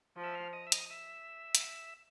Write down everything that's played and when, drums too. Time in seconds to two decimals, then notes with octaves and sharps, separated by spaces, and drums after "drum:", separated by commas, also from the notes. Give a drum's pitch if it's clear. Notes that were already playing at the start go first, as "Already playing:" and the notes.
0.16 F3
0.24 E5
0.35 F5
0.53 D#5
0.67 E5
0.72 D#5, drum: hi-hat
0.90 E5
1.55 drum: hi-hat